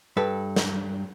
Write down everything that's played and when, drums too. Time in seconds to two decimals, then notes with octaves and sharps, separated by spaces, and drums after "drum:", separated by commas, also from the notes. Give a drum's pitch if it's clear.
0.17 G2 A4 B4 B5
0.56 drum: snare